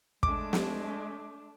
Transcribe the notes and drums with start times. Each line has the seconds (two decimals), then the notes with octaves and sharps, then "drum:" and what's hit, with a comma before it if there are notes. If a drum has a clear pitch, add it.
0.23 G#3 A3 D4 D6, drum: kick
0.53 drum: snare